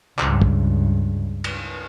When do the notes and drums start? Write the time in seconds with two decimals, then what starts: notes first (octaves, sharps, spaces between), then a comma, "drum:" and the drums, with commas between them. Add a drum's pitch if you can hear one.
0.19 C#2 G2, drum: clap
0.42 drum: kick
1.44 drum: cymbal